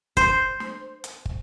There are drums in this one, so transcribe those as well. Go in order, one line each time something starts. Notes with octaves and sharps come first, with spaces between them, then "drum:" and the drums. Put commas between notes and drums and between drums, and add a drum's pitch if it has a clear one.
C5, drum: kick, hi-hat
drum: snare
drum: hi-hat
drum: kick